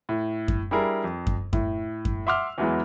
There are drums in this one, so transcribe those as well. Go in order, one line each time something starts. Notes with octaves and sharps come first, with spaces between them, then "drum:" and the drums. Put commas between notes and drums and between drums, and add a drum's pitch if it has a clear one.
A2
drum: kick F#2
G3 D4 E4 G#4 A#4
F2
drum: kick F#2
A2, drum: kick F#2
drum: kick F#2
E5 F#5 C6 D6 E6 F6
E2 E3 F#3 G#3 B3